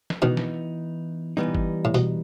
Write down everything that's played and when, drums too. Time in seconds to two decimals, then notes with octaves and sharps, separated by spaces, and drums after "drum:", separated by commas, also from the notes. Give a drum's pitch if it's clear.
0.10 drum: snare
0.22 B2 D#3 E3 B3 D#4
0.37 drum: snare
1.37 E3 G3 B3 D#4
1.55 drum: kick G1
1.85 A2
1.95 B2, drum: hi-hat